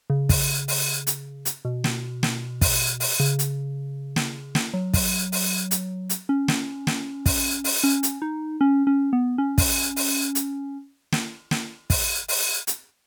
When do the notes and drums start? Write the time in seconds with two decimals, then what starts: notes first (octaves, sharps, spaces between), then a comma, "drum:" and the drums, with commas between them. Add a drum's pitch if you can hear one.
0.10 C#3
0.29 drum: kick, open hi-hat
0.68 drum: open hi-hat
1.07 drum: hi-hat
1.45 drum: hi-hat
1.65 B2
1.84 drum: snare
2.23 drum: snare
2.61 drum: kick, open hi-hat
3.00 drum: open hi-hat
3.20 C#3
3.39 drum: hi-hat
4.16 drum: snare
4.55 drum: snare
4.74 F#3
4.94 drum: kick, open hi-hat
5.32 drum: open hi-hat
5.71 drum: hi-hat
6.10 drum: hi-hat
6.29 C#4
6.48 drum: snare
6.87 drum: snare
7.26 drum: kick, open hi-hat
7.64 drum: open hi-hat
7.84 C#4
8.03 drum: hi-hat
8.22 D#4
8.61 C#4
8.87 C#4
9.13 B3
9.38 C#4
9.58 drum: kick, open hi-hat
9.96 drum: open hi-hat
10.35 drum: hi-hat
11.12 drum: snare
11.51 drum: snare
11.90 drum: kick, open hi-hat
12.28 drum: open hi-hat
12.67 drum: hi-hat